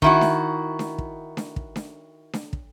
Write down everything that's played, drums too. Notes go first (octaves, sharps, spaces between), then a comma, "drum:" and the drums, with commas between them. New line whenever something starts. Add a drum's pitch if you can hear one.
D#3 E4 F#4, drum: kick
drum: snare D4
drum: snare D4
drum: kick
drum: snare D4
drum: kick
drum: snare D4
drum: snare D4
drum: kick